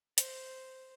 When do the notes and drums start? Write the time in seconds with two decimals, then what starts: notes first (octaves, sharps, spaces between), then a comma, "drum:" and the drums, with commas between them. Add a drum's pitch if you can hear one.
0.18 C5, drum: hi-hat